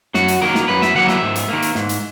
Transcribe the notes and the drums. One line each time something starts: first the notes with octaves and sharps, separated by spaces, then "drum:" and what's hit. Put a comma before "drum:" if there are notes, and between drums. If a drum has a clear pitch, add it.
F#2 F#4, drum: snare
drum: hi-hat
D#3 F#3 A#3 A#4
drum: snare
F#2 B4
E5, drum: snare
D#3 F#3 A#3 F#5
E5, drum: snare
G#2
drum: hi-hat
D#3 A#3
drum: hi-hat
G#2, drum: snare
drum: hi-hat